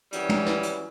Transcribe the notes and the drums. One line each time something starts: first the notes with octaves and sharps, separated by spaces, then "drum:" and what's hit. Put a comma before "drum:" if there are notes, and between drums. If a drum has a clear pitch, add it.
E3 F#3 G3 C#4, drum: hi-hat
drum: tom
drum: snare
drum: hi-hat